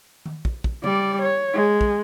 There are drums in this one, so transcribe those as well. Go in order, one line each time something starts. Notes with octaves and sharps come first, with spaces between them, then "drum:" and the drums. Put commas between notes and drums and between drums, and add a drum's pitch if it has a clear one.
drum: tom D#3
drum: kick
drum: kick
G3 D5, drum: tom
C#5
G#3
drum: kick